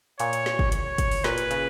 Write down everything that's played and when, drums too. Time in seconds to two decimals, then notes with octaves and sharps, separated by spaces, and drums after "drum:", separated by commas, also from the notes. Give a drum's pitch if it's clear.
0.20 A#2 C#5, drum: hi-hat
0.33 drum: hi-hat
0.46 drum: snare
0.59 drum: kick
0.72 C#5, drum: hi-hat
0.98 drum: kick, hi-hat
1.11 drum: open hi-hat
1.24 A#2 B4, drum: snare
1.38 drum: hi-hat
1.51 C#3, drum: hi-hat